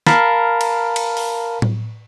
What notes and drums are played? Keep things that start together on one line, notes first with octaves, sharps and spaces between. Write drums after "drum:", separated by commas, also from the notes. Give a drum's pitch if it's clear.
A#4 F5 A5 B5, drum: snare
drum: cymbal
drum: cymbal
drum: open hi-hat
drum: tom A2